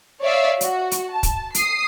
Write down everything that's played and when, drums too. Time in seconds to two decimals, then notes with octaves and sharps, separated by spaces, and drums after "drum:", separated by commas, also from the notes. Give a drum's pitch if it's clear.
0.22 C#5 D5 E5 F5
0.61 F#4, drum: hi-hat
0.91 drum: hi-hat
1.10 A5
1.23 drum: kick, hi-hat
1.55 D#6 C7, drum: hi-hat